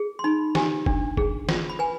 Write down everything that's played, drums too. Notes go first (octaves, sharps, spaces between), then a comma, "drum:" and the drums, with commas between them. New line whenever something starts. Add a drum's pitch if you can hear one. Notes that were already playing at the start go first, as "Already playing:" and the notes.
Already playing: G#4
C6
D#4 B5
G4 G#5, drum: snare
D4, drum: kick F#1
G#4, drum: kick F#1
F4, drum: snare
B5
B4 G#5